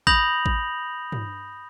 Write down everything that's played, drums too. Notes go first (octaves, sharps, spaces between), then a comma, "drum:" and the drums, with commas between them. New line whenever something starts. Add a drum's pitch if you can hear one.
B5 D#6 G6 A#6 F7 F#7, drum: kick
drum: kick
drum: tom